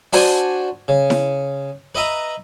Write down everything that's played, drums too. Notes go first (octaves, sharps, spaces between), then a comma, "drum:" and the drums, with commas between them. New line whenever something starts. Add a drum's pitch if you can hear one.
D4 F#4 C5 G#5, drum: open hi-hat
C#3
drum: snare E4
B4 D#5 E5 A#5 B5